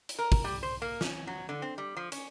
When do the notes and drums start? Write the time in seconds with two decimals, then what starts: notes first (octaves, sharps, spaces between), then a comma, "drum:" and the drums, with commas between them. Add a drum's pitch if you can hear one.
0.09 drum: hi-hat
0.19 A#4
0.32 drum: kick, open hi-hat
0.44 G3
0.63 C5
0.82 A#3
1.01 C#4, drum: snare
1.27 F#3
1.49 D3
1.62 C4
1.78 G3
1.97 F3
2.12 C#4, drum: hi-hat